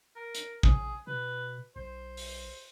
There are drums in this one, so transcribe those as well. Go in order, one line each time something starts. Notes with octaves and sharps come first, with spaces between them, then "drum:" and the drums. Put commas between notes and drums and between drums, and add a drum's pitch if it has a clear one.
A#4
drum: hi-hat
A#1 G#4, drum: kick
B2 B4
B1 C5
drum: open hi-hat